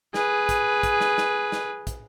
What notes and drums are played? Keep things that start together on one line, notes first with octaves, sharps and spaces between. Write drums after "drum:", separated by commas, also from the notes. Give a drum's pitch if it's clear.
G#4 B4, drum: snare
drum: kick, hi-hat
drum: kick, hi-hat
drum: snare
drum: snare
drum: snare
drum: kick, hi-hat